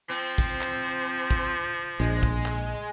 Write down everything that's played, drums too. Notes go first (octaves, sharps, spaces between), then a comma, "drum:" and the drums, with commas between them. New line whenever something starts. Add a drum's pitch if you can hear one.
F3 C4
drum: kick
drum: clap
drum: kick
A#1 G#3
drum: kick
drum: clap